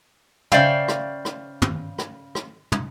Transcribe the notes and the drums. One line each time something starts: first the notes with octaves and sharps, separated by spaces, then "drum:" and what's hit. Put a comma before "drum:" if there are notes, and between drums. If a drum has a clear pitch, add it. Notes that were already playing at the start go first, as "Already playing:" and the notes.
C#3 C5 D5 E5 F5 G5, drum: tom
drum: rim click
drum: rim click
drum: tom
drum: rim click
drum: rim click
drum: tom